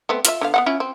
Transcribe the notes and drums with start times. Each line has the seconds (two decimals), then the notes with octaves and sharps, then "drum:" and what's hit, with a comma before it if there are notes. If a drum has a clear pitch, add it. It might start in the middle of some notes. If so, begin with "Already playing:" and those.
0.09 A3 B3 C4
0.25 F4 C5 E5, drum: hi-hat
0.41 D3 B3 F5
0.54 B3 C4 F#5
0.66 C#4 E4 F4
0.80 C4